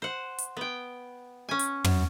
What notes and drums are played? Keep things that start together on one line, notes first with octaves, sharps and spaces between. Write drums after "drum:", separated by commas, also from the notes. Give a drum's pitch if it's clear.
C5 F#5
drum: hi-hat
B3 G5
C#4 G#5
drum: hi-hat
F#2, drum: tom